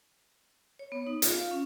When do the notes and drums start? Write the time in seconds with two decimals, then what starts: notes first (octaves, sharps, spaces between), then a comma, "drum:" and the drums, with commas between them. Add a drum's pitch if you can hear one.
0.79 C#5
0.92 B3
1.07 D#4
1.22 F4, drum: hi-hat
1.36 F5
1.51 C#4